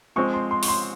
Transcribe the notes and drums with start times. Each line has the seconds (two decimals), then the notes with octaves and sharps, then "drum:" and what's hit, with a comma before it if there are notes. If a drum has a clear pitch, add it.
0.16 F3 G#3 C4 C#6
0.34 C6
0.51 C6
0.63 C#6, drum: open hi-hat
0.68 C6